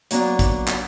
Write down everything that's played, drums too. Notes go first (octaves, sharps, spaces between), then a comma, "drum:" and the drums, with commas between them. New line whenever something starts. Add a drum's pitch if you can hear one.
F#3 A#3 B3 D4, drum: hi-hat
drum: kick A1, hi-hat
drum: clap